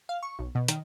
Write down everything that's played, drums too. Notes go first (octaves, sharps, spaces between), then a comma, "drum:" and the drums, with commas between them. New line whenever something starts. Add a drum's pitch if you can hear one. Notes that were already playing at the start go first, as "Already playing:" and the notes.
F5
C#6
B1
B2
D#3, drum: hi-hat